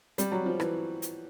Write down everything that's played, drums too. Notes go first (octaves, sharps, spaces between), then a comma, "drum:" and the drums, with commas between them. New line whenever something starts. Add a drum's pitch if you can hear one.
G3, drum: hi-hat
F#3
F3
E3, drum: rim click
drum: hi-hat